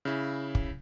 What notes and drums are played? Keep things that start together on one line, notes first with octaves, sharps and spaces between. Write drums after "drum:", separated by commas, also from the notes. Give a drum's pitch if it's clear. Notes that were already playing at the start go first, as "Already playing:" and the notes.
C#3 E4
drum: kick